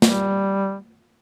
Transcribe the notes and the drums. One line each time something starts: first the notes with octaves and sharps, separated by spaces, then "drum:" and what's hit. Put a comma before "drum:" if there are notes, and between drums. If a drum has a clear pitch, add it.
G3, drum: snare